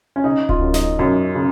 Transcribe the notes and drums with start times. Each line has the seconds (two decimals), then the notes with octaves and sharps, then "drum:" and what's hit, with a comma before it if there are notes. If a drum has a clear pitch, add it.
0.16 C#4
0.24 C#3 D#4
0.49 F4, drum: kick D1
0.61 F#2
0.74 D#4, drum: snare
0.99 F#2
1.35 C#3